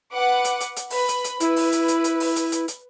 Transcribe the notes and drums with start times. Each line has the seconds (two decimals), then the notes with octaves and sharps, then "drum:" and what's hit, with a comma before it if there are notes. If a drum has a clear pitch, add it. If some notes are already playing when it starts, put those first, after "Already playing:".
0.13 B4 F#5 D6
0.45 drum: hi-hat
0.61 drum: hi-hat
0.77 drum: hi-hat
0.90 B4 B5, drum: open hi-hat
1.08 drum: hi-hat
1.24 drum: hi-hat
1.40 E4 B4, drum: hi-hat
1.56 drum: open hi-hat
1.72 drum: hi-hat
1.88 drum: hi-hat
2.04 drum: hi-hat
2.20 drum: open hi-hat
2.36 drum: hi-hat
2.52 drum: hi-hat
2.68 drum: hi-hat